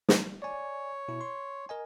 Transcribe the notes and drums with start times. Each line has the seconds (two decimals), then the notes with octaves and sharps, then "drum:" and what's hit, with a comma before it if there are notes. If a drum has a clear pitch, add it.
0.09 G3, drum: snare
0.42 C#5 D5 G#5
1.08 B2 E4
1.21 C6
1.69 A#4 D#5 G#5